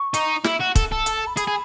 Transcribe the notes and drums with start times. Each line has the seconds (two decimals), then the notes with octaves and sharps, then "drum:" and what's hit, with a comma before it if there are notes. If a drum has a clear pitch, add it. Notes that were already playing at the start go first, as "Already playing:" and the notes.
Already playing: C#6
0.14 D#4, drum: hi-hat
0.44 E4, drum: snare
0.60 F#4
0.76 A4, drum: kick, hi-hat
0.92 A4
1.06 A5, drum: hi-hat
1.16 A5
1.27 B5
1.37 G#4 B5, drum: hi-hat
1.47 G#4